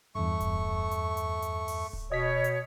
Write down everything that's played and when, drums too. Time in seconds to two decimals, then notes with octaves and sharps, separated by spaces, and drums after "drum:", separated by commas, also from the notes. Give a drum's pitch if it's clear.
0.15 E2 G2 A3 C#6
0.40 drum: kick D1, hi-hat
0.91 drum: hi-hat
1.17 drum: hi-hat
1.42 drum: hi-hat
1.68 drum: open hi-hat
1.93 drum: kick D1
2.12 B2 C#5 D#5 B6
2.44 drum: hi-hat